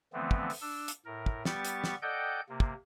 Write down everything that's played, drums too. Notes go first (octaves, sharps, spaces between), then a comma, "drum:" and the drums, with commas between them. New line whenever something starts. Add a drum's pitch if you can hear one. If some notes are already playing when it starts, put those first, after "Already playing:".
D3 E3 F3 A3 B3 C4
drum: kick
drum: open hi-hat
D4 E6
drum: hi-hat
A2 A#4
drum: kick
G3 B3 G4 C#6 A6, drum: snare
drum: hi-hat
drum: snare
A4 D5 D#5 F#5 G5 G6
C3 A#3
drum: kick